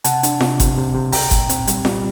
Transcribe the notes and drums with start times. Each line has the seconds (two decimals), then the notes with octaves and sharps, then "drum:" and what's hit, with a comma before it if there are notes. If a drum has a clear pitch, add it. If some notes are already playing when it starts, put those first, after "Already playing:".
0.04 C3 F#5 A5, drum: hi-hat
0.23 D4, drum: hi-hat
0.41 C3, drum: snare F4
0.60 C3, drum: kick G1, hi-hat
0.78 C3
0.94 C3
1.12 C2 G5 A#5, drum: open hi-hat
1.31 A#2, drum: kick G1, hi-hat
1.49 C4, drum: hi-hat
1.67 G3, drum: hi-hat
1.85 G3, drum: snare F4